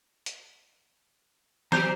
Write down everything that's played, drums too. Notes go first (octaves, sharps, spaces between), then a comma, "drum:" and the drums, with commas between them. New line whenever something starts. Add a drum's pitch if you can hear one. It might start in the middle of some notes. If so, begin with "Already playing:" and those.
drum: hi-hat
F#3 G4 C5 A#5 G6, drum: snare